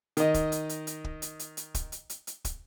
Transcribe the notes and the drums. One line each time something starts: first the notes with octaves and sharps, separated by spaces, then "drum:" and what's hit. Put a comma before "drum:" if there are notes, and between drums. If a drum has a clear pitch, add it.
D#3 D#5, drum: hi-hat
drum: kick, hi-hat
drum: hi-hat
drum: hi-hat
drum: hi-hat
drum: kick
drum: hi-hat
drum: hi-hat
drum: hi-hat
drum: kick, hi-hat
drum: hi-hat
drum: hi-hat
drum: hi-hat
drum: kick, hi-hat